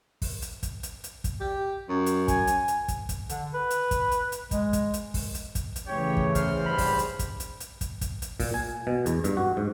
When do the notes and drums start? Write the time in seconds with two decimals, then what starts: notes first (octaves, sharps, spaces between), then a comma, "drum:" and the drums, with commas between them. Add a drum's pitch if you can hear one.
0.22 drum: kick, open hi-hat
0.42 drum: hi-hat
0.63 drum: kick, hi-hat
0.83 drum: hi-hat
1.04 drum: hi-hat
1.24 drum: kick, hi-hat
1.40 G4
1.89 F#2
2.06 drum: hi-hat
2.28 G#5, drum: kick, hi-hat
2.47 drum: hi-hat
2.68 drum: hi-hat
2.88 drum: kick, hi-hat
3.09 drum: kick, hi-hat
3.29 D3, drum: hi-hat
3.54 B4
3.70 drum: hi-hat
3.91 drum: kick, hi-hat
4.11 drum: hi-hat
4.32 drum: hi-hat
4.51 G#3, drum: kick, hi-hat
4.73 drum: kick, hi-hat
4.94 drum: hi-hat
5.14 drum: kick, open hi-hat
5.35 drum: hi-hat
5.55 drum: kick, hi-hat
5.76 drum: hi-hat
5.87 C#3 E3 A3 G4 C#5
6.17 drum: kick
6.35 E2 C5 F6, drum: kick, hi-hat
6.66 G2 B5
6.78 drum: kick, open hi-hat
6.99 drum: hi-hat
7.19 drum: kick, hi-hat
7.40 drum: hi-hat
7.60 drum: hi-hat
7.81 drum: kick, hi-hat
8.01 drum: kick, hi-hat
8.22 drum: hi-hat
8.40 A#2, drum: kick, open hi-hat
8.54 G#5
8.87 B2
9.06 E2, drum: hi-hat
9.24 G2, drum: hi-hat
9.37 F#4
9.57 G#2